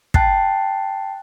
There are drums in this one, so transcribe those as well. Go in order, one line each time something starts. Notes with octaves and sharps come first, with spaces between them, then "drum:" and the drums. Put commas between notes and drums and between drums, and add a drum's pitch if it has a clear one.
G5 A5 F#6 A6 C7, drum: kick